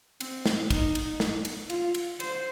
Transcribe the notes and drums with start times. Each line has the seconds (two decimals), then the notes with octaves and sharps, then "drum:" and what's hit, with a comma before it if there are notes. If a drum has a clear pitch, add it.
0.20 C4, drum: cymbal
0.46 drum: snare
0.70 D#4, drum: kick, cymbal
0.95 drum: cymbal
1.20 drum: snare
1.45 drum: cymbal
1.70 F4, drum: cymbal
1.94 drum: cymbal
2.20 C5, drum: cymbal